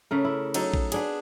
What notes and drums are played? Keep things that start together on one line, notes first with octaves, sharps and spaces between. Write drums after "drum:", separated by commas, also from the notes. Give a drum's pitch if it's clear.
C#3 A3 A#4
E4
F#3 D#4 A4, drum: cymbal
drum: kick A#1
B3 D4 G#4, drum: cymbal